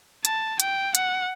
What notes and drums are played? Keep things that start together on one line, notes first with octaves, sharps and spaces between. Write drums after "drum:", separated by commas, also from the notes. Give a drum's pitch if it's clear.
A5, drum: hi-hat
G5, drum: hi-hat
F#5, drum: hi-hat